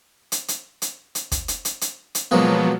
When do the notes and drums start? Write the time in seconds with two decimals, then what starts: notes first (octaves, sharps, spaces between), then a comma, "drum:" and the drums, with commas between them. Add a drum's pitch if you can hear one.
0.32 drum: hi-hat
0.48 drum: hi-hat
0.82 drum: hi-hat
1.15 drum: hi-hat
1.32 drum: kick, hi-hat
1.48 drum: hi-hat
1.65 drum: hi-hat
1.81 drum: hi-hat
2.15 drum: hi-hat
2.31 B2 F3 F#3 G#3 A#3 B3